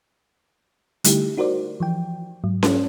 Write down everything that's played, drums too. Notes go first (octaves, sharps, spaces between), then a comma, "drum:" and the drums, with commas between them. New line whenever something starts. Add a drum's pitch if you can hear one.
D3 G3 A3 D#4 E4 G4, drum: hi-hat
D#4 F#4 A#4 C5 D5
E3 F3 G5
G#2 F#3
drum: snare C#4